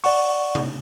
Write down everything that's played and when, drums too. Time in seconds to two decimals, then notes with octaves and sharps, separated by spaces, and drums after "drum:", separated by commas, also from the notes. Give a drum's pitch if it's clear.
0.04 D5 F#5 C#6, drum: open hi-hat
0.55 drum: tom C3